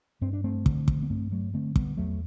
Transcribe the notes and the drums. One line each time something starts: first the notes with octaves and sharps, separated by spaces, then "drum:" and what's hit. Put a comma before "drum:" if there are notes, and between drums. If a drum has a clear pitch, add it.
G2 C4
D4
A3 C4
D3, drum: kick
drum: kick
B3
G2 A3 C4
F#3 A3
D3 A3 C4
G3 B3, drum: kick
E2 F#3 A3